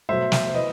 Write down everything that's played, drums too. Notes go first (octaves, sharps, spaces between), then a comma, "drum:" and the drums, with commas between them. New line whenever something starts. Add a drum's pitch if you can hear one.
B2 F#3 A3 C5 E5
drum: snare
C5
E3 B4 D#5